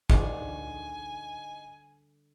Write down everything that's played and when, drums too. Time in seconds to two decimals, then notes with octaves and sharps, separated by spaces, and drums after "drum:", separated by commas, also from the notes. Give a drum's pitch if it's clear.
0.10 D3 G3 D#4 G#5, drum: kick